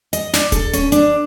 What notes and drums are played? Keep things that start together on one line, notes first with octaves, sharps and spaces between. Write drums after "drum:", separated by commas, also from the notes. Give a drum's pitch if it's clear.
D#5, drum: hi-hat
D4, drum: snare
A4, drum: kick D#1, hi-hat
C#4, drum: hi-hat
D4, drum: hi-hat